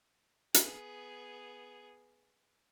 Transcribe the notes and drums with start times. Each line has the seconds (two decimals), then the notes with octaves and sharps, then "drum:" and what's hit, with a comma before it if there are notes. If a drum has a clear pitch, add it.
0.54 B3 G#4, drum: hi-hat